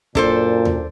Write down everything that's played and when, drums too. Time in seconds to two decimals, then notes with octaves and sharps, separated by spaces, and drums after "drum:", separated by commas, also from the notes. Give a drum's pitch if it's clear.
0.15 F#2 A#2 D4 A4 C5, drum: kick
0.65 drum: tom D#2